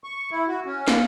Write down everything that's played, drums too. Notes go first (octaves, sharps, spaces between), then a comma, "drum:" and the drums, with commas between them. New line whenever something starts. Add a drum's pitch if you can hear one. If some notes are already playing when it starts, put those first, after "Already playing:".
C#6
E4
F#4
C#4
A#3, drum: snare